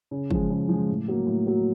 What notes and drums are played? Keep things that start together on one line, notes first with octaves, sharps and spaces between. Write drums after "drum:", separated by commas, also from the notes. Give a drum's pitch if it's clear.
C#3
F3 G#3, drum: kick
C#3
F3 G#3
A2
F#3 A#3
A2
F#3 A#3